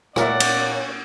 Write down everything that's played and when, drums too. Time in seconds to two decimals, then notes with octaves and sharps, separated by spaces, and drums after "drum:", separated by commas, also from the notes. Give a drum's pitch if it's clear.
0.16 A#2 A#4 C#5 D5 E5 F#5, drum: rim click
0.40 drum: cymbal